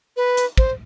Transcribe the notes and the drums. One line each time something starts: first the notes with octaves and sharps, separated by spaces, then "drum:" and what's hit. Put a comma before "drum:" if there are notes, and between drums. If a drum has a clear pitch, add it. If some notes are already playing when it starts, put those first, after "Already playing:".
B4
drum: hi-hat
C5, drum: kick